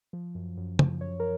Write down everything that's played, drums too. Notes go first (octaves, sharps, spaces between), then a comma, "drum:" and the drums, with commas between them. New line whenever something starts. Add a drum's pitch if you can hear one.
F3
F#2
F#2
F3, drum: tom
F#2 C#5
A#4